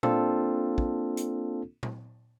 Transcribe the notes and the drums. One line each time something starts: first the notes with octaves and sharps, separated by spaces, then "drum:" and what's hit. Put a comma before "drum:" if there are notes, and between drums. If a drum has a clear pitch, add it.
A#3 C4 D4 F4 A4, drum: tom A#2
drum: kick
drum: hi-hat
drum: tom A#2